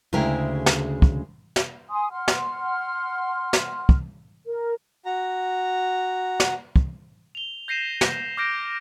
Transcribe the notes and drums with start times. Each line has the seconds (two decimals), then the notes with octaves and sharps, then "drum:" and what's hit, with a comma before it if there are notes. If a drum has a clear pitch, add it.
0.13 D2 C#3 G#3 E4 A#4 G5
0.66 drum: snare
1.02 drum: kick
1.56 drum: snare
1.88 G#5 C6 D#6
2.11 F#5 C6 F6
2.28 drum: snare
3.53 drum: snare
3.89 drum: kick
4.46 A#4
5.05 F#4 A#5
6.40 drum: snare
6.76 drum: kick
7.35 F7 G7
7.68 G6 A#6 C7 D#7 E7
8.01 drum: snare
8.37 D6 F6 G6 A#6 D7